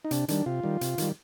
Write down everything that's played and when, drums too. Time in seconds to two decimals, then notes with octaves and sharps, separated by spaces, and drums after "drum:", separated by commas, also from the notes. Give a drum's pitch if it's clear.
0.05 D#4
0.11 C3 D4, drum: hi-hat
0.28 D#3 G3 D4, drum: hi-hat
0.46 C3 F4
0.63 D#3 G3
0.81 C3, drum: hi-hat
0.98 D#3 G3, drum: hi-hat